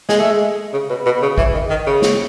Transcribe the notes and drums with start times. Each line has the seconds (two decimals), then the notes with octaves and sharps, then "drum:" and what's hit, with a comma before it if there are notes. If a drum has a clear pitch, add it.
0.09 G#3, drum: snare
0.20 A3
0.31 G#3
0.73 C#3
0.90 B2
1.06 B2
1.22 C#3
1.38 E3, drum: kick G#1
1.54 D#3
1.70 D#3
1.87 C#3
2.02 drum: snare